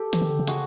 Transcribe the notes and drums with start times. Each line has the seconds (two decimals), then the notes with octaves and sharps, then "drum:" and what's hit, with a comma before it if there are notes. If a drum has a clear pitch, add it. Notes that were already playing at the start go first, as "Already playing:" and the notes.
Already playing: G4 A4
0.13 E3, drum: hi-hat
0.22 D#3
0.30 D3
0.39 C#3
0.48 F#4 G#4, drum: hi-hat